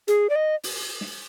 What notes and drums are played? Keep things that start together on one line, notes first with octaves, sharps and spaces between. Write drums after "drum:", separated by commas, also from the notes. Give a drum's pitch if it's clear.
G#4, drum: hi-hat
D5
D#5
drum: open hi-hat
drum: snare